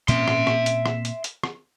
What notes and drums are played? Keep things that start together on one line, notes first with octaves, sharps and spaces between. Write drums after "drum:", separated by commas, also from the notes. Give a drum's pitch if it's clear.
A#2 A#3 C4 E5 C6, drum: hi-hat
drum: rim click
drum: rim click
drum: hi-hat
drum: rim click
drum: hi-hat
drum: hi-hat
drum: rim click